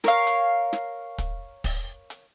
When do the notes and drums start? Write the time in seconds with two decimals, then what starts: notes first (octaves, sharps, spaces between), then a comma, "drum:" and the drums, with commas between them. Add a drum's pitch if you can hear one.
0.04 A#4 C#5 F5, drum: snare
0.27 drum: hi-hat
0.73 drum: snare
1.18 drum: kick, hi-hat
1.64 drum: kick, open hi-hat
2.10 drum: hi-hat